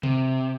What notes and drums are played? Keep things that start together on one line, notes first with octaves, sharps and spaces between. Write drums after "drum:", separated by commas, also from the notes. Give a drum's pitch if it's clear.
C3, drum: tom C3